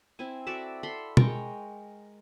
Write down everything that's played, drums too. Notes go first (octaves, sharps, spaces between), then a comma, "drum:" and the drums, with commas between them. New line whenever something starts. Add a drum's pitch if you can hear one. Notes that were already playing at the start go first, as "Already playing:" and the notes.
C4 E4 G#5
F#4 A4 D5 E5
A4 B5 C6
G#3 A#4 G5 C#6, drum: tom B2